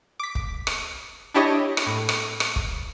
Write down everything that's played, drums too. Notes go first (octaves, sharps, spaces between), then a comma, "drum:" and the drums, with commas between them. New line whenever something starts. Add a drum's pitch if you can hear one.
D6 B6
drum: kick
drum: rim click
D4 E4 G4 C#5 D#5
drum: rim click
A2
drum: rim click
drum: rim click
drum: kick